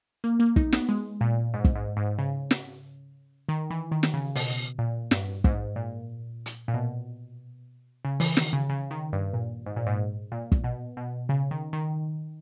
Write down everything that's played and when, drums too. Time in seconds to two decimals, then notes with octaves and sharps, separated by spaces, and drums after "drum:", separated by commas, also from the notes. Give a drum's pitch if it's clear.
0.24 A#3
0.40 A#3
0.56 D#4, drum: kick
0.72 B3, drum: snare
0.89 G#3
1.21 A#2
1.54 G#2
1.65 drum: kick
1.75 G#2
1.97 G#2
2.19 C#3
2.51 drum: snare
3.49 D#3
3.70 E3
3.92 D#3
4.03 drum: snare
4.14 C#3
4.35 B2, drum: open hi-hat
4.79 A#2
5.11 G2, drum: snare
5.44 G#2, drum: kick
5.76 A#2
6.46 drum: hi-hat
6.68 A#2
6.74 B2
8.05 C#3
8.20 E3, drum: open hi-hat
8.37 D#3, drum: snare
8.53 C#3
8.69 C#3
8.91 D#3
9.13 G2
9.33 A#2
9.66 G#2
9.76 A#2
9.86 G#2
10.32 A#2
10.52 drum: kick
10.64 B2
10.97 B2
11.29 C#3
11.51 D#3
11.73 D#3